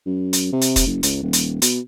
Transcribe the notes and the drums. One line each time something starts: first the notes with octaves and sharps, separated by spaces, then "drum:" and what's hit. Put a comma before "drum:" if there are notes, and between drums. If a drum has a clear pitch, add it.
F#2
drum: hi-hat
C3
drum: hi-hat
drum: kick, hi-hat
F#1
C#2, drum: hi-hat
D#1
drum: hi-hat
B2, drum: hi-hat